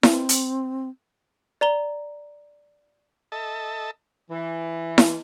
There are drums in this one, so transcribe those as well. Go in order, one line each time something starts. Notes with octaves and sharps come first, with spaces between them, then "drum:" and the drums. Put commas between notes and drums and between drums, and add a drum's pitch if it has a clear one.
C4, drum: snare E4
drum: hi-hat
D5 A#5 G7
A4 D#5 E5 A5
E3
drum: snare E4